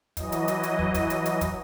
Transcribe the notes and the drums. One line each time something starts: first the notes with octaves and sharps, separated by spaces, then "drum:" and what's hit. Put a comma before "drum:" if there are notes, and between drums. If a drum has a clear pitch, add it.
E3 F#3 D#5, drum: kick, hi-hat
drum: hi-hat
drum: hi-hat
drum: hi-hat
drum: kick
drum: kick, hi-hat
drum: hi-hat
drum: hi-hat
drum: kick, hi-hat